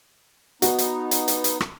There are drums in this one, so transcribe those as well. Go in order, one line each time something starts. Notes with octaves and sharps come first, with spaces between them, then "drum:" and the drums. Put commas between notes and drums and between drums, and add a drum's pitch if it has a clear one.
B3 D#4 F#4, drum: hi-hat
drum: hi-hat
drum: hi-hat
drum: hi-hat
drum: hi-hat
drum: rim click